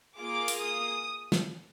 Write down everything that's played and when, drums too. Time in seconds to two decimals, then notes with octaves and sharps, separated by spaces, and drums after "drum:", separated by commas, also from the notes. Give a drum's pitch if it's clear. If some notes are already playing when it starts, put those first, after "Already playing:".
0.19 A#3 F4 G#4 D6
0.48 drum: open hi-hat
0.60 D#6
1.32 drum: snare